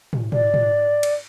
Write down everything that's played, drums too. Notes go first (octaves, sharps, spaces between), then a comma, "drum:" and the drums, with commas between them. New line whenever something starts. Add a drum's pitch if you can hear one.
drum: tom
D5, drum: tom
drum: tom
drum: cymbal